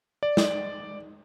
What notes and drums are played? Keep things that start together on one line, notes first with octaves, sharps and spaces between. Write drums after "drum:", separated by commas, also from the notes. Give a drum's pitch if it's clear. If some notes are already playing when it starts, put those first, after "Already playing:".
D5
drum: snare